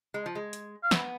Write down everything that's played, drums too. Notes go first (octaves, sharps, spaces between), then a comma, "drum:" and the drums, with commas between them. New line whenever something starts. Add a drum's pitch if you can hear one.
G#3
F3
G#3
drum: hi-hat
F5
B3 E5, drum: snare